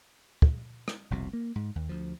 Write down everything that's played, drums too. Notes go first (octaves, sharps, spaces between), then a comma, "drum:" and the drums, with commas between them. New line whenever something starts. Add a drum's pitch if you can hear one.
drum: kick
drum: rim click
F1 C2 B2
A#3
G#2
D#2
D2 F3